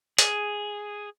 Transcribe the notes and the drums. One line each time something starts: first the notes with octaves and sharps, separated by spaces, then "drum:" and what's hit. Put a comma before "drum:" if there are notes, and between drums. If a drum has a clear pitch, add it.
G#4, drum: hi-hat